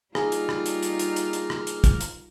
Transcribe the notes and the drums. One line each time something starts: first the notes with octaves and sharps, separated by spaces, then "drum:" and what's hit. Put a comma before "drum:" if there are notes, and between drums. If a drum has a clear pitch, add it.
G3 A#3 D#4 F4 G#4 A#5 F6, drum: rim click
drum: hi-hat
drum: rim click
drum: hi-hat
drum: hi-hat
drum: hi-hat
drum: hi-hat
drum: hi-hat
drum: rim click
drum: hi-hat
drum: kick, hi-hat
drum: hi-hat